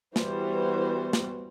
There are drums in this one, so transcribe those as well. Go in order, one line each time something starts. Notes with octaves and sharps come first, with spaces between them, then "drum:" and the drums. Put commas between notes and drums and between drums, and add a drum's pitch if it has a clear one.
E3 G3 B3 F#4 C5, drum: snare
drum: snare